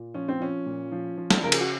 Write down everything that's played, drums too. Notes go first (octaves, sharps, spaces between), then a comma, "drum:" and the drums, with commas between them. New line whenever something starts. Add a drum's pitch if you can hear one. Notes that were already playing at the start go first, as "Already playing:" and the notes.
Already playing: A#2
F3 C#4
C4
F3 C#4
A#2
F3
F3
drum: snare
C#3 A#4
G#4, drum: cymbal
F#4